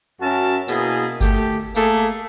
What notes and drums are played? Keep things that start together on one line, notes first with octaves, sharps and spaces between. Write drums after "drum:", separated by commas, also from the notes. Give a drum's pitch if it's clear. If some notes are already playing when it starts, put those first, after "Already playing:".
F#2 C#4 F#4 A#4 E5 A5
B2 A#3 E4 G#4, drum: tambourine
A3 G4, drum: kick G1, tambourine
A3 A#3 G#4, drum: tambourine